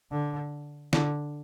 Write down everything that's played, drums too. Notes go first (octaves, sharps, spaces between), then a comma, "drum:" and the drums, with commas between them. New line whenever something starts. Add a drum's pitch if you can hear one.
D3
D3, drum: snare